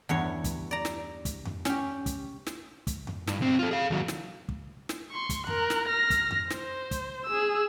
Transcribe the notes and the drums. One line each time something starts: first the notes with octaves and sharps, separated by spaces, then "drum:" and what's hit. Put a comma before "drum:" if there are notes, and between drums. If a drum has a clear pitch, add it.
E2 G2 C#5
drum: kick, hi-hat
D5 A#5
drum: snare
drum: kick, hi-hat
drum: tom F2
C#4 G4, drum: snare
drum: kick, hi-hat
drum: snare
drum: kick, hi-hat
drum: tom F2
G2, drum: snare
B1 C4
F4 A4
G#4 F5
D#2 F#3
drum: snare
drum: kick
drum: snare
C6 C#6
drum: kick, hi-hat
A#4 F#6, drum: tom F2
drum: snare
F6 A#6
drum: kick, hi-hat
drum: tom F2
C5, drum: snare
drum: kick, hi-hat
G#4 E6